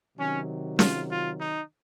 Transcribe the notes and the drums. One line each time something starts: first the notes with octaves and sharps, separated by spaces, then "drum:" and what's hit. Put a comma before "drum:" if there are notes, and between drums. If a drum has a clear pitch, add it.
C3 D#3 F#3 C#4
F4, drum: snare
F4
D#4